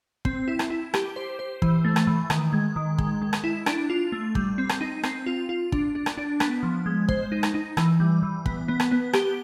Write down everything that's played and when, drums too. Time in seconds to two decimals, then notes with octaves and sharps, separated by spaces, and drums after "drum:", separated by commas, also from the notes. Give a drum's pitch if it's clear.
0.25 C4, drum: kick
0.48 E4
0.59 drum: rim click
0.70 E4
0.94 G4, drum: rim click
1.16 C5
1.39 C5
1.62 E3, drum: kick
1.85 A3
1.96 drum: rim click
2.07 E3
2.30 D#3, drum: rim click
2.53 G#3
2.76 D#3
2.98 G#3, drum: kick
3.22 G#3
3.33 drum: rim click
3.44 E4
3.66 D4, drum: rim click
3.90 F4
4.12 A3
4.35 G3, drum: kick
4.58 C4
4.69 drum: rim click
4.81 D#4
5.03 C4, drum: rim click
5.26 F4
5.49 F4
5.72 D4, drum: kick
5.95 D4
6.06 drum: rim click
6.18 D4
6.40 B3, drum: rim click
6.63 F3
6.86 G#3
7.09 C5, drum: kick
7.32 D#4
7.43 drum: rim click
7.54 D#4
7.77 E3, drum: rim click
8.00 G3
8.23 E3
8.46 B3, drum: kick
8.68 B3
8.80 drum: rim click
8.91 B3
9.13 G4, drum: rim click